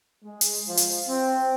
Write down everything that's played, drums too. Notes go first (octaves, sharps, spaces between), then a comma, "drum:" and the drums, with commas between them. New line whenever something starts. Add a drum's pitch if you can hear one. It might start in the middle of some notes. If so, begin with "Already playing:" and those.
G#3
drum: hi-hat
F3
drum: hi-hat
C4